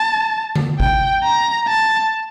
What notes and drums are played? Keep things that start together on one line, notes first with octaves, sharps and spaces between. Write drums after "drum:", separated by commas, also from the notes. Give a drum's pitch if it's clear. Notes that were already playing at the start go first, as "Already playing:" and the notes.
Already playing: A5
drum: tom D3
G5, drum: kick G#1
A#5
A5